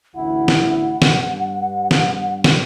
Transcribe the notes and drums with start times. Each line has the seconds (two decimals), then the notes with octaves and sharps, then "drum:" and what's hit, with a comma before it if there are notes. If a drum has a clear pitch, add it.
0.15 A1 D2 E4 F#5
0.48 drum: snare
1.02 drum: snare
1.19 G2
1.91 drum: snare
2.44 drum: snare